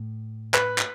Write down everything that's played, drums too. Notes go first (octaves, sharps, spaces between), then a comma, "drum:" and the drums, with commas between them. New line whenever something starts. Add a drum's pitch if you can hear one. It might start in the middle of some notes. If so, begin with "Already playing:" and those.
Already playing: A2
B4, drum: clap
drum: clap